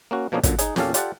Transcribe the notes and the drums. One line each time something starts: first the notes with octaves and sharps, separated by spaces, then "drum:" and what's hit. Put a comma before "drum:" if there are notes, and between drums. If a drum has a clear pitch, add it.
A#3 C#4 F#4
B2 F3 A#3 C#4 D4 G#4
F#2 A#2 D3, drum: kick, hi-hat
D#4 G#4, drum: hi-hat
E2 A#2 C#4 G4 A4 F5, drum: snare
F4 G4 A4 D5 F#5, drum: hi-hat